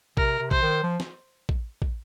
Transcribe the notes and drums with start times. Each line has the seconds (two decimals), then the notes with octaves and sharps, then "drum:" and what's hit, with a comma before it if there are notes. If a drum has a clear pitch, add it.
0.17 C3 A#4, drum: kick
0.39 C3
0.51 C5, drum: kick
0.62 D#3
0.83 F3
1.00 drum: snare
1.49 drum: kick
1.82 drum: kick